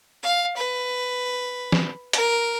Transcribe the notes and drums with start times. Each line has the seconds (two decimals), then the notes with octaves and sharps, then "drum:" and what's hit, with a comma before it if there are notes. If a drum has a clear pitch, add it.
0.23 F5
0.57 B4
1.72 drum: snare
2.13 A#4, drum: hi-hat